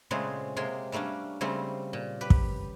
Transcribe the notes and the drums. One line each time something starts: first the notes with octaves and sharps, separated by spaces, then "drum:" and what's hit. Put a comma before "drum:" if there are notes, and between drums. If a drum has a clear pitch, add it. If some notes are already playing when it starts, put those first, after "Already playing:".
A#2 C#3 G#3 A3 C4 G#4
C3 G#3 A#3 G5 G#5 C6
G3 A3 A#3 C#4 D4
C#3 G3 A3 A#3 C4
A#2
G4 B4
drum: kick